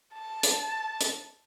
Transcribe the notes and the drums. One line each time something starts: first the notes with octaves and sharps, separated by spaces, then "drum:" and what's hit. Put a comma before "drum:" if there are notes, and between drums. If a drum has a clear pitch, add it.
A5
drum: hi-hat
drum: hi-hat